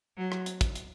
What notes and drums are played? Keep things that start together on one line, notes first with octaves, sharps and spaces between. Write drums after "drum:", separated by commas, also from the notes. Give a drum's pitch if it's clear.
F#3
drum: rim click
drum: hi-hat
drum: kick, hi-hat
drum: hi-hat